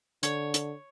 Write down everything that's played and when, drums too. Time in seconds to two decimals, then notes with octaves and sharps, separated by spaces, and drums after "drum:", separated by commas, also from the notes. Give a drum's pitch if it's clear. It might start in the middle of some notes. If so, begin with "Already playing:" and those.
0.23 D3 C#5, drum: hi-hat
0.54 drum: hi-hat